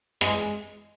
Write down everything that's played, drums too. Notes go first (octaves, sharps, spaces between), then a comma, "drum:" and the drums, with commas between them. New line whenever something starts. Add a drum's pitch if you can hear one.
G#3, drum: rim click